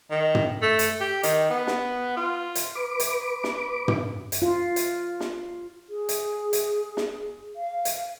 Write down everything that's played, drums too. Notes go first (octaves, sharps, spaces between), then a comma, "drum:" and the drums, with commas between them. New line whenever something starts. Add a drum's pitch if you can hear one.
D#3
drum: tom
A3
drum: hi-hat
G4
D#3, drum: hi-hat
B3
drum: snare
F4
drum: hi-hat
B4 D6
drum: hi-hat
drum: snare
drum: tom
drum: hi-hat
F4
drum: hi-hat
drum: snare
G#4
drum: hi-hat
drum: hi-hat
drum: snare
F5
drum: hi-hat